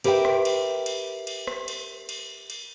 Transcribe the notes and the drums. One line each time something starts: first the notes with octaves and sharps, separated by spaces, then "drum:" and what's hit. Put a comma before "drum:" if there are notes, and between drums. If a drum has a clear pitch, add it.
G4 A#4 B4 C#5 E5 G5, drum: cymbal
drum: rim click
drum: cymbal
drum: cymbal
drum: cymbal
drum: rim click
drum: cymbal
drum: cymbal
drum: cymbal